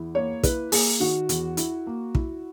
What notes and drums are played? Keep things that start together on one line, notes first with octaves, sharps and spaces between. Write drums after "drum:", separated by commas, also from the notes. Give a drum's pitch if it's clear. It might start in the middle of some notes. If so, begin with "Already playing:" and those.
Already playing: E2 E4
A#3 C#5
E4 B4, drum: kick, hi-hat
A#3 G#4, drum: open hi-hat
D#3 F#4
E2, drum: hi-hat
E4, drum: hi-hat
A#3
E4, drum: kick